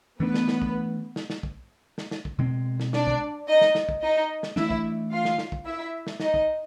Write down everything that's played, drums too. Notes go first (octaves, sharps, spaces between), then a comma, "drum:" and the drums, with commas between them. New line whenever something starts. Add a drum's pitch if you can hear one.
E3 A3 B3 D4 B4
drum: snare
drum: snare
drum: kick
drum: snare
drum: snare
drum: kick
drum: snare
drum: snare
drum: kick
B2 G#3 C4
drum: snare
D4 D5, drum: snare
drum: kick
D#4 D#5
drum: snare
drum: snare
drum: kick
D#4 D#5
drum: snare
E3 A3 D4 E4 E5, drum: snare
drum: kick
F4 F5
drum: snare
drum: snare
drum: kick
E4 E5
drum: snare
D#4 D#5, drum: snare
drum: kick